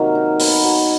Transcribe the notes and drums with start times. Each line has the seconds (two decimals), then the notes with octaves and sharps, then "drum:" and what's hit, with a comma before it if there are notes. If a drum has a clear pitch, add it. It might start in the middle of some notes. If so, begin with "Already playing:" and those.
Already playing: C3 D#3 F#3 A#3 A#4
0.15 D#4
0.40 B3, drum: open hi-hat
0.64 F#3